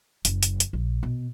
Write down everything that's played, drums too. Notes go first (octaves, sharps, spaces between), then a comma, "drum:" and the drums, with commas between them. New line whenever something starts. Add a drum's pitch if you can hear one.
F#1, drum: hi-hat
drum: hi-hat
drum: hi-hat
A#1
B2